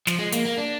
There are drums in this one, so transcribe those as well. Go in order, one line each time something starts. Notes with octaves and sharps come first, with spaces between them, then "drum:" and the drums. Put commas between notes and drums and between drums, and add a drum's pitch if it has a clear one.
F3, drum: snare
G#3
A#3, drum: hi-hat
A#3
D4